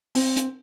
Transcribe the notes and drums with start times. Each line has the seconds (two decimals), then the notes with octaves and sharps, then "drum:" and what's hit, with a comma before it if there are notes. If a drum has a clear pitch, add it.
0.15 C4, drum: open hi-hat
0.37 drum: hi-hat